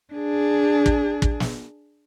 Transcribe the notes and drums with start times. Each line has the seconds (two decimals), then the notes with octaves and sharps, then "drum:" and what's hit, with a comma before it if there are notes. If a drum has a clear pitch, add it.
0.13 D4 G#4
0.86 drum: kick
1.22 drum: kick
1.40 drum: snare